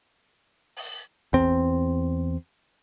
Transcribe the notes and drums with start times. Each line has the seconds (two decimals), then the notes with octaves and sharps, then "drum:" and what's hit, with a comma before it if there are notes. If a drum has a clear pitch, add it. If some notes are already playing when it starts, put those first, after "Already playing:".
0.77 drum: open hi-hat
1.33 E2 C4, drum: kick